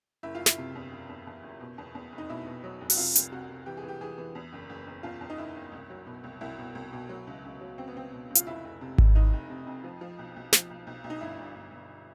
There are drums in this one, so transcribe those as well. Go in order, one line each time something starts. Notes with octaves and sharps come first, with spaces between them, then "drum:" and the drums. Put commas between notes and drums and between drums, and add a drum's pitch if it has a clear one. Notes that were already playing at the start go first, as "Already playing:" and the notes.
F#1 E4
F4
F#1
E4, drum: snare
C3
E2
F#1
E2
E2
F#1
B2
E2
E2
F1
D#4
B2 E4
B2
F#3
F1
F#4, drum: open hi-hat
C3 F4
C2, drum: hi-hat
C3 F#4
C3
E3 G4
G#4
E3 G4
E3 G#4
E3
E2
F#1
F#1
F#1
E2 F4
E2
D#4
F#1 E4
F#1
C2
F#3
B2
C2
C2 E4
B2
C2
B2
F#3
C#2
C#2
F#3
C#2 C4
B3
C#2 C4
B2
C#2
F4, drum: hi-hat
F1 E4
F1
C3
F1, drum: kick G#1
F1 D#4
F1
C3
F2
F3
F3
B1
B1
F3, drum: snare
B1
B1
B1
D#4
G1 E4
G1
G1
G1